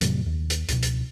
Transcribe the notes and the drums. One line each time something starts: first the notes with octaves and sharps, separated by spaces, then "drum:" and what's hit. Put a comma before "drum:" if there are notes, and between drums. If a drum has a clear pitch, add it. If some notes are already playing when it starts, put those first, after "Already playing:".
F2 A2 C3 F#3, drum: hi-hat
D#2
drum: hi-hat
C#2 B2, drum: hi-hat
drum: hi-hat